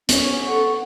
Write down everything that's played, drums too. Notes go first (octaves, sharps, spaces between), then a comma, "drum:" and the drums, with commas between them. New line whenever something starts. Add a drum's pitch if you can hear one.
B3 C#4, drum: hi-hat
A4 F#5 C#6